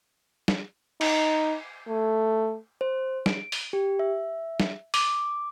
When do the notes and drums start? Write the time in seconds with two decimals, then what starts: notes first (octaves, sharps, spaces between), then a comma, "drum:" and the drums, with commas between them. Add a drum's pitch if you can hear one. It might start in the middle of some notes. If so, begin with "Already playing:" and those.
0.48 drum: snare
1.01 D#4, drum: cymbal
1.88 A3
2.81 C5
3.26 D7, drum: snare
3.52 drum: open hi-hat
3.73 G4
3.99 E5
4.60 drum: snare
4.94 D6, drum: open hi-hat